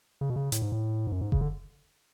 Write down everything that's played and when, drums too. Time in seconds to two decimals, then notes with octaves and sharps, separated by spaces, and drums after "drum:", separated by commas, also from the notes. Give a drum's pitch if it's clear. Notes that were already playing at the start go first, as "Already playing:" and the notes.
0.21 C#3
0.30 B2
0.36 C#3
0.52 A2, drum: hi-hat
0.62 G#2
0.72 A2
1.07 G#2
1.12 F#2
1.21 G#2
1.32 C#3, drum: kick F#1
1.41 D3